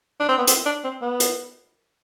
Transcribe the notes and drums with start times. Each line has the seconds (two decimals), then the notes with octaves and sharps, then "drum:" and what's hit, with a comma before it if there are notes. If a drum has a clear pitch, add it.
0.20 D4
0.28 C4
0.38 B3
0.47 C4, drum: hi-hat
0.65 D4
0.84 C4
1.02 B3
1.20 drum: hi-hat